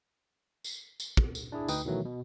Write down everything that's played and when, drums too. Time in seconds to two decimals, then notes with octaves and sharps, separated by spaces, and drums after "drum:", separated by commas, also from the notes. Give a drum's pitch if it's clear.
0.65 drum: tambourine
1.00 drum: tambourine
1.17 drum: kick
1.35 drum: tambourine
1.52 D4 E4 G#4
1.68 D2 D#4 B4 G5 D#6, drum: tambourine
1.85 B2 D#3 E3 F#3 A3
2.05 B2